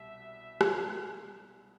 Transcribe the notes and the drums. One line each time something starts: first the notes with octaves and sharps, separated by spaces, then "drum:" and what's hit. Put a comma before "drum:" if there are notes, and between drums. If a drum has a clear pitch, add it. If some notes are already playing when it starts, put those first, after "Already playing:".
Already playing: C2 B2 G3 E5
drum: rim click